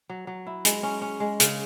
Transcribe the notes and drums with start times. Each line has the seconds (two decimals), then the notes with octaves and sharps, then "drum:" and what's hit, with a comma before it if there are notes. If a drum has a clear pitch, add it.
0.09 F#3
0.27 F#3
0.47 E4
0.65 G#3, drum: hi-hat
0.83 C#4
1.02 C#4
1.20 G#3
1.40 C#3, drum: hi-hat